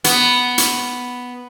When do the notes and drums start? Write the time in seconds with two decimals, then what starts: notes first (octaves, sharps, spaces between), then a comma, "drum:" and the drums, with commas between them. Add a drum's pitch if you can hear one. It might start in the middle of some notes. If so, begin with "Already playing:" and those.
0.04 B3, drum: hi-hat
0.58 drum: hi-hat